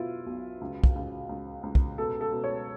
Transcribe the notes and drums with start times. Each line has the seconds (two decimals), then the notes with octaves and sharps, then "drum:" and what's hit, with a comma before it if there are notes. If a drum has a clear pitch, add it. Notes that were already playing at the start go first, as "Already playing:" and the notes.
Already playing: B2 E4 F4
0.26 B1
0.61 C#2
0.84 drum: kick
0.96 C#2
1.29 C#2
1.63 C#2
1.75 drum: kick
1.98 B2 A4
2.21 A4
2.32 B2
2.44 C#5